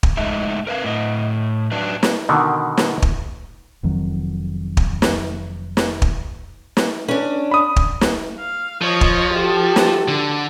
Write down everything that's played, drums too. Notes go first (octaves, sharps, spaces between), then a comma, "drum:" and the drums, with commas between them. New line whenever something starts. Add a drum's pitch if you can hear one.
drum: kick
G#3 A3 D#4 E5
A#4 B4 F5
A2 D#5
F#3 D4 B4
drum: snare
B2 D3 D#3
drum: snare
drum: kick
F1 F2 D#3 F#3
drum: kick
drum: snare
drum: snare
drum: kick
drum: snare
C#4 D4
B5 D#6
drum: kick
drum: snare
F5
F3 C#5 D#5
drum: kick
F#4 G4 A4
drum: snare
D3